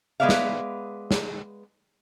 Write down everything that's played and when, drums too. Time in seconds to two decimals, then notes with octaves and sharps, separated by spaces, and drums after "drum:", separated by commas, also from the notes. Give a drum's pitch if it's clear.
0.20 G#3 B3 B4 D5 E5 F5
0.29 drum: snare
1.11 drum: snare